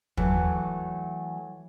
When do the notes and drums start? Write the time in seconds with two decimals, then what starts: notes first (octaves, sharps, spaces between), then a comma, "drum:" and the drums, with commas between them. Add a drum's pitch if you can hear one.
0.17 E3 F#3 A3, drum: kick